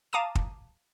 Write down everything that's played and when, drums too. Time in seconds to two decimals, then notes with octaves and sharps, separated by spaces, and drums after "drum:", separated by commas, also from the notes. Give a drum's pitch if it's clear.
0.13 F5 A5 A#5 D6 D#6 D#7
0.35 drum: kick